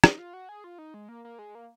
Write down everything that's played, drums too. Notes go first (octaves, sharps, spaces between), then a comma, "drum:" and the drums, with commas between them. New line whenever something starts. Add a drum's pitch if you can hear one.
D#4, drum: rim click
F4
F#4
G#4
F4
D#4
G#3
A#3
A#3
G#3
A#3